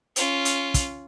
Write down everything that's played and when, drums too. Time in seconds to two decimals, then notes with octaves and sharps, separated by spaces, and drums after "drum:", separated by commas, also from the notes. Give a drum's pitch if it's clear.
0.16 C#4 F4, drum: hi-hat
0.45 drum: hi-hat
0.74 drum: kick, hi-hat